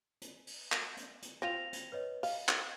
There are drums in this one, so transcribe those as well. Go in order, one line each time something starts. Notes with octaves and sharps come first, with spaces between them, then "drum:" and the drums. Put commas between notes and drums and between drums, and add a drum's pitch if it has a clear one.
drum: hi-hat
drum: open hi-hat
drum: clap
drum: hi-hat
drum: hi-hat
C4 F4 A#6 F7
drum: hi-hat
B4 C#5 D#5
D#5 F5, drum: open hi-hat
drum: clap